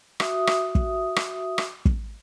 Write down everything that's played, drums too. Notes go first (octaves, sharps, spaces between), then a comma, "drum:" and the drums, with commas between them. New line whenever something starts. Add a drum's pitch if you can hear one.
F#4 E5 D#6, drum: rim click
drum: rim click
drum: kick
drum: rim click
drum: rim click
drum: kick